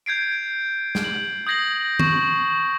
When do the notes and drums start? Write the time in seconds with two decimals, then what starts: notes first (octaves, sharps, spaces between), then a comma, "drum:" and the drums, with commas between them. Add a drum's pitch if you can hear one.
0.06 G6 G#6 C7 D7
0.95 drum: snare
1.04 F#7
1.47 D#6 G6 G#6 A#6 C7 F#7
1.99 C#6, drum: tom D#3